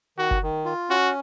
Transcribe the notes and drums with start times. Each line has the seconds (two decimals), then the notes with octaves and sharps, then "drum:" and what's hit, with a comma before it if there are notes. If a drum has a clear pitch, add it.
0.18 D#3 F#4
0.31 drum: kick F#1
0.43 D#3
0.65 F4
0.89 C#4 F#4